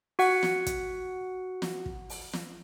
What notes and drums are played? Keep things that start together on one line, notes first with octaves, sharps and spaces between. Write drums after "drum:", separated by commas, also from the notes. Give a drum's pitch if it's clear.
F#4 F#5, drum: open hi-hat
drum: snare
drum: kick, hi-hat
drum: snare
drum: kick
drum: open hi-hat
drum: snare